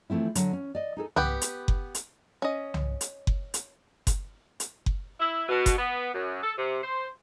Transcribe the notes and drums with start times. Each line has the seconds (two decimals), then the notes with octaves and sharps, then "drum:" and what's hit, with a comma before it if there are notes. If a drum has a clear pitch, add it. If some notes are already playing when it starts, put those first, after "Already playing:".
0.10 E3 F3 A3 C4 E4
0.35 D3 F#3, drum: hi-hat
0.53 C#4
0.75 D5 D#5
0.97 D#4 G#4 A4
1.16 B3 G4 B4, drum: tom C2
1.41 drum: hi-hat
1.68 drum: kick F#1
1.95 drum: hi-hat
2.42 C#4 D#5
2.74 drum: tom C2
3.01 drum: hi-hat
3.27 drum: kick F#1
3.54 drum: hi-hat
4.07 drum: kick F#1, hi-hat
4.60 drum: hi-hat
4.86 drum: kick F#1
5.20 E4
5.49 B2
5.66 drum: kick F#1, hi-hat
5.78 B3
6.13 F#2
6.42 A4
6.57 C3
6.83 C5